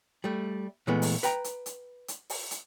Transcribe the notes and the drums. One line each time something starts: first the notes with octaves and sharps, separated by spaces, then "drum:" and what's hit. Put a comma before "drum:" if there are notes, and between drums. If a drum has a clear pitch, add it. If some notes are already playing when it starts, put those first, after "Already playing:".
G3 A3
A#2 E3 G#3 A3 B3
drum: open hi-hat
B4 G5 A#5, drum: hi-hat
drum: hi-hat
drum: hi-hat
drum: hi-hat
drum: open hi-hat
drum: hi-hat